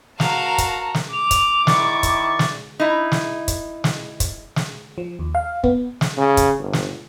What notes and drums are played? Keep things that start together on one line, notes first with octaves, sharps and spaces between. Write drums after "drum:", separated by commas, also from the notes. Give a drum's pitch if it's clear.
F#4 A#4 F5 A5 A#5, drum: snare
drum: kick, hi-hat
drum: snare
D6 F7
drum: kick, hi-hat
D#3 E4 D5 C#6, drum: snare
drum: kick, hi-hat
drum: snare
D#4 E4
drum: snare
drum: kick, hi-hat
drum: snare
drum: kick, hi-hat
drum: snare
F3
D#2
F5
B3, drum: kick
drum: snare
C#3
drum: kick, hi-hat
G1
drum: snare